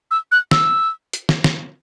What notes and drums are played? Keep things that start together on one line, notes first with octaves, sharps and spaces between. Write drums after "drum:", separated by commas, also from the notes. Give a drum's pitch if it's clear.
E6
F#6
E6, drum: snare
drum: hi-hat
drum: snare
drum: snare